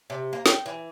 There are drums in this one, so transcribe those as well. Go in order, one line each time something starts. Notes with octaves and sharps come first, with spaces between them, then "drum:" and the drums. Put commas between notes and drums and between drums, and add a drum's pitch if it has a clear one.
C3
A#3
G5, drum: snare
E3